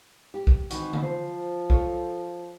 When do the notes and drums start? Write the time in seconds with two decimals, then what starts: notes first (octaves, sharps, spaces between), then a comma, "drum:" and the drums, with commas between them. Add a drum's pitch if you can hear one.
0.34 G4
0.47 drum: kick
0.70 D#3 E3 C4 F#4, drum: hi-hat
0.93 drum: tom D3
1.03 F3 C5
1.70 F4 A4 C#5, drum: kick